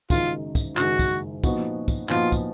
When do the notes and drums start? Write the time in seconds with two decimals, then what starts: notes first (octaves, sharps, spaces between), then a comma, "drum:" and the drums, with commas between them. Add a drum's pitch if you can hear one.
0.10 F#1 F#2 D#3 G#3 D#4 F4, drum: kick, tambourine
0.55 drum: kick, tambourine
0.77 F#1 F#2 D#3 G#3 D#4 F#4, drum: clap
0.99 drum: kick, tambourine
1.44 A#2 F3 B3 D#4 F#4, drum: kick, tambourine
1.88 drum: kick, tambourine
2.09 A#2 F3 B3 D#4 F4 F#4, drum: clap
2.32 drum: kick, tambourine